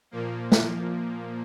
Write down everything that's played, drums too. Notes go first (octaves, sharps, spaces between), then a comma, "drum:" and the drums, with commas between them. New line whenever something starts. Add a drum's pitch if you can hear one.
A#2 F3 A#3
drum: snare